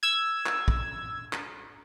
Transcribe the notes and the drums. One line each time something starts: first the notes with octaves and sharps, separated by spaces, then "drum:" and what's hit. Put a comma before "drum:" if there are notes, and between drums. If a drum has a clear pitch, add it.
E6 G#6
drum: clap
drum: kick
drum: clap